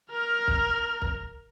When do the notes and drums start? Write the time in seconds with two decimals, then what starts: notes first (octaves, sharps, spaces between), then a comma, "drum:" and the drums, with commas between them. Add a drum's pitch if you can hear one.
0.11 A#4 F6
0.48 drum: kick
1.02 drum: kick